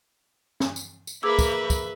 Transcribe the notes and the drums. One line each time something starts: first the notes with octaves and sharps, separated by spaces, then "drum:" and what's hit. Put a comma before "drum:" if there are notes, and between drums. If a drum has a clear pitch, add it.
drum: snare
drum: tambourine
drum: tambourine
A#3 G#4 B4 E5 B5 D6 E6
drum: kick, tambourine
drum: kick, tambourine